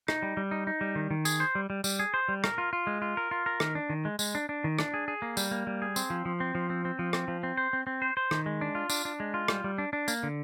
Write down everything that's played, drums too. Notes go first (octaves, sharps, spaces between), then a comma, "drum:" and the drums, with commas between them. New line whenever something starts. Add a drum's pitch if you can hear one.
D#4, drum: rim click
G3
G3
D#4
D#4
G3
D#3
D#3
G#4, drum: tambourine
C5
G3
G3
G3, drum: tambourine
G#4
C5
G3
A#4, drum: rim click
F4
F4
G#3
F4
A#4
F4
A#4
D#3, drum: rim click
D4
D#3
G#3
G#3, drum: tambourine
D4
D4
D#3
D4, drum: rim click
G#4
G#4
A#3
G3, drum: tambourine
A#3
G3
G#4
C4, drum: tambourine
F3
F3
C4
F3
C4
C4
F3
C4, drum: rim click
F3
C4
C5
C4
C4
C5
C5
D#3, drum: rim click
G#3
D4
F4
D4, drum: tambourine
D4
G#3
F4
G3, drum: rim click
G3
D4
D4
A#3, drum: tambourine
D3